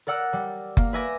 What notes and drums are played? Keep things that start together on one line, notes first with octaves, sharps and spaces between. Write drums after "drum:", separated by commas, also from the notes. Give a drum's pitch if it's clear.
A#4 D5 F#5 E6 F#6
G3
A#3, drum: kick F#1
B4 E5 G#5 D6 A#6